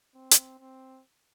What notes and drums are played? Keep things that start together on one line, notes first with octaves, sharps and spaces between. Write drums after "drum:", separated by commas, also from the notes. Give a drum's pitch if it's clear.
C4
drum: hi-hat
C4